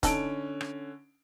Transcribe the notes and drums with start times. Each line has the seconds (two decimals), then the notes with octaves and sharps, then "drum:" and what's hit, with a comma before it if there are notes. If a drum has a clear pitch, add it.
0.03 D3 C#4 D#4 A4 D7, drum: kick, hi-hat
0.61 drum: rim click